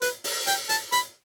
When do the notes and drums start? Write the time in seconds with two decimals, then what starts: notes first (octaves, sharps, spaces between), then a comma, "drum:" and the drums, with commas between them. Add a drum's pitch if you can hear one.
0.02 B4, drum: hi-hat
0.24 drum: open hi-hat
0.47 G5, drum: hi-hat
0.69 A5, drum: hi-hat
0.92 B5, drum: hi-hat